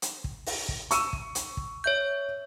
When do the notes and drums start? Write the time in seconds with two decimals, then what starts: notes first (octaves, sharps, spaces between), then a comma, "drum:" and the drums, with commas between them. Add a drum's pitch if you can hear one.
0.02 drum: hi-hat
0.24 drum: kick
0.46 drum: open hi-hat
0.69 drum: kick
0.91 C#6 E6 D#7, drum: hi-hat
1.13 drum: kick
1.35 drum: hi-hat
1.57 drum: kick
1.84 C#5 E5 G6